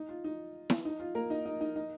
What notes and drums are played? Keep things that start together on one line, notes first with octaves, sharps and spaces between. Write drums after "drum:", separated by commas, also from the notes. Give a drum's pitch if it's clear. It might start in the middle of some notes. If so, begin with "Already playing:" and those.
Already playing: D#4
F4
D#4
drum: snare E4
D#4
F4
A#3 A#4
D#4 D#5
D#4 D#5
D#4 D#5
D#4 D#5